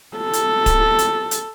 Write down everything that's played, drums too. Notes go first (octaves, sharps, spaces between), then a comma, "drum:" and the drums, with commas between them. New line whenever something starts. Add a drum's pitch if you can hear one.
A4
drum: hi-hat
drum: kick D1, hi-hat
drum: hi-hat
drum: hi-hat